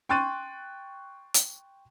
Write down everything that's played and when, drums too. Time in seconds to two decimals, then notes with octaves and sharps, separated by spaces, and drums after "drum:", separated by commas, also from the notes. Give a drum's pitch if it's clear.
0.09 G5 C6 C#6 F#6 A6 D#7
1.34 drum: hi-hat